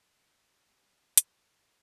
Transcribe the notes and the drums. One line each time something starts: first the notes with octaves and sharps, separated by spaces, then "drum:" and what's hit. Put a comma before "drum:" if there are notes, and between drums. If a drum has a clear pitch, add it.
C#7
C7
D#2 C#3 G3 C7
drum: hi-hat